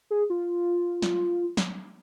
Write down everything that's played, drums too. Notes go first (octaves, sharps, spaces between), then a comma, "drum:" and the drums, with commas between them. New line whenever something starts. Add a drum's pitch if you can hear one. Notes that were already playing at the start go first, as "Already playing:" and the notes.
G#4
F4
drum: snare
drum: snare